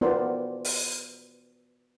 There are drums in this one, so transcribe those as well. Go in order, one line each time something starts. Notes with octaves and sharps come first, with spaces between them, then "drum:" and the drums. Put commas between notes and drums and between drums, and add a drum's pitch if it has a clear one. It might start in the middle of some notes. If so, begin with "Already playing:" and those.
B3 F4 A#4 C5 D5 F#5
drum: open hi-hat